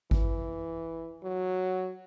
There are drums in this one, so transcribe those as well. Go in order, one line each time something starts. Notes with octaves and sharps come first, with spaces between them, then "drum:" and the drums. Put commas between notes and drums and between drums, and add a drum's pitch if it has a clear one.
E3, drum: kick G#1
F#3